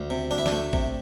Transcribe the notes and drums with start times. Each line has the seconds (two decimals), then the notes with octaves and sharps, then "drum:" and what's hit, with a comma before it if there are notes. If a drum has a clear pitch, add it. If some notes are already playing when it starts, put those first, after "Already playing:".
Already playing: D2
0.10 C3
0.31 D2 D4
0.38 E4
0.46 D4, drum: snare
0.52 A3
0.73 C3, drum: kick A#1